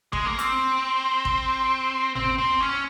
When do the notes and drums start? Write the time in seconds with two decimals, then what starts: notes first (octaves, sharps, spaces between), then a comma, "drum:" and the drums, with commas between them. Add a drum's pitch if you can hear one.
0.13 G#3, drum: kick
0.25 A#3
0.39 C4, drum: hi-hat
1.25 drum: kick
2.15 C4, drum: tom G1
2.38 C4
2.61 C#4